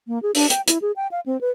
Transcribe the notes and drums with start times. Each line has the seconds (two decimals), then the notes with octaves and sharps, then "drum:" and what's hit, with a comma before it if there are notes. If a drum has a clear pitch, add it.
0.08 A#3
0.23 G#4
0.35 D4, drum: open hi-hat
0.50 G5, drum: hi-hat
0.68 E4, drum: hi-hat
0.82 G#4
0.96 G5
1.11 F5
1.26 C4
1.41 B4